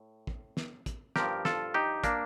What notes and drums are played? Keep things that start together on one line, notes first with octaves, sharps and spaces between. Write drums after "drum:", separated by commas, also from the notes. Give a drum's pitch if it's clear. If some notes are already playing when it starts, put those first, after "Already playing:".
Already playing: A2
drum: kick
drum: snare
drum: kick, hi-hat
G2 F3 G4 A#4, drum: snare
F4 A4, drum: snare
D#4 G4
A#3 D4, drum: kick, hi-hat